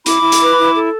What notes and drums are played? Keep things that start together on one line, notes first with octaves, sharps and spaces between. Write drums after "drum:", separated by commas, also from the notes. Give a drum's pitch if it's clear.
E4 B5 D6, drum: hi-hat
E4
drum: hi-hat
B4
E4
A4